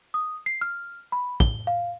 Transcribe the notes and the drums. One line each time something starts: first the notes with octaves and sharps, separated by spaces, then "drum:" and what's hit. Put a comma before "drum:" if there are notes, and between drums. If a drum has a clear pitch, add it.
D#6
C7
F6
B5
G7, drum: kick
F5